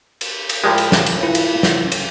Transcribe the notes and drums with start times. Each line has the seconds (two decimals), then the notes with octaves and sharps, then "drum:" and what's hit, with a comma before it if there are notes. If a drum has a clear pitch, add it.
0.21 drum: cymbal
0.49 drum: cymbal
0.64 A2 F3 G#3 G4 A#4 D5
0.78 drum: cymbal
0.92 drum: snare
1.06 drum: cymbal
1.23 E4 F4 B4
1.35 drum: cymbal
1.63 drum: snare
1.92 drum: cymbal